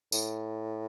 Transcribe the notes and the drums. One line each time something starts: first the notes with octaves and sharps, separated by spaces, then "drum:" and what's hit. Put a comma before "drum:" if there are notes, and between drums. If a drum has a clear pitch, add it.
A2, drum: tambourine